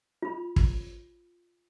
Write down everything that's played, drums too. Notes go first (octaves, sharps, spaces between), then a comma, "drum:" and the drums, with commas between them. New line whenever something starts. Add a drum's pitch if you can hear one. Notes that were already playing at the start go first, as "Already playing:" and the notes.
F4 B5
drum: kick